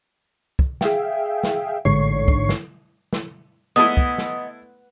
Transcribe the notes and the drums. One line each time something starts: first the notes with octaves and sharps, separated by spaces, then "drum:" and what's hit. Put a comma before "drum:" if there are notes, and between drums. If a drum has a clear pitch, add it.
drum: kick
G#4 E5 F5 G5, drum: snare
drum: snare
A1 G#2 D3 C#5 C#6 C7
drum: kick
drum: snare
drum: snare
G#3 A3 B3 E4 D#5 D#6
drum: kick
drum: snare